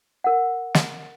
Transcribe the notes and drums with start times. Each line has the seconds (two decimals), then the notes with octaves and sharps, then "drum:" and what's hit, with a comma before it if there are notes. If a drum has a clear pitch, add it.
0.24 A#4 F#5
0.74 drum: snare